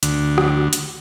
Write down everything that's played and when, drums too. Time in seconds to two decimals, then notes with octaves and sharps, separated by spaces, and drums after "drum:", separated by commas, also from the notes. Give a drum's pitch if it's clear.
0.03 D2, drum: hi-hat
0.38 drum: rim click
0.73 drum: hi-hat